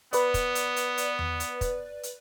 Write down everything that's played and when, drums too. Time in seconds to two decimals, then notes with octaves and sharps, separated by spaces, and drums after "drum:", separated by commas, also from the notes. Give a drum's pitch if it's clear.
0.13 B3 B4 D5, drum: hi-hat
0.34 drum: kick, hi-hat
0.55 drum: hi-hat
0.76 drum: hi-hat
0.98 drum: hi-hat
1.19 drum: tom E2
1.40 drum: hi-hat
1.61 drum: kick, hi-hat
2.03 drum: hi-hat